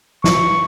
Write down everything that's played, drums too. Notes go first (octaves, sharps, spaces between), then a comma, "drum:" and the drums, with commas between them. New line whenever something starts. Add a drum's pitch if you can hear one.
C#6, drum: snare